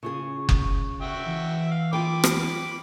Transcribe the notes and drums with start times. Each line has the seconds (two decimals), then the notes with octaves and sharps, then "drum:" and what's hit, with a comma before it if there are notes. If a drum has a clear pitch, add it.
0.03 C#3 F4 G#4 C#6
0.49 drum: kick F#1
1.02 F#4 E5 G5
1.26 E3
1.71 F5
1.93 F4 G#4 G5 B5 D6
2.24 drum: rim click